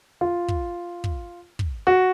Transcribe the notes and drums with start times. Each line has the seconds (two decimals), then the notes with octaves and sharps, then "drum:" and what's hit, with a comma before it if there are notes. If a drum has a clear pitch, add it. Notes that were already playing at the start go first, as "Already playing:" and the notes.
0.21 F4
0.48 drum: kick
1.04 drum: kick
1.59 drum: kick
1.87 F#4